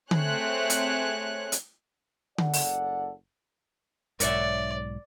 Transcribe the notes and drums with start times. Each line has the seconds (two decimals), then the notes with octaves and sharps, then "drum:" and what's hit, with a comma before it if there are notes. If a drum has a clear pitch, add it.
0.11 A3 C4 G#4 C#5 F#6, drum: tom D3
0.70 drum: hi-hat
1.52 drum: hi-hat
2.38 F#1 A4 D5 F#5, drum: tom D3
2.54 drum: open hi-hat
4.20 B1 G#2 A#4 C#5 D5 E5, drum: hi-hat